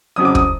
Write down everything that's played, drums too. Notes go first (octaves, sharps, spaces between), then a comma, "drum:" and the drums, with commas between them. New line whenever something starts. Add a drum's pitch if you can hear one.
F2 C#3 F#3 D#6
D6
D#6, drum: kick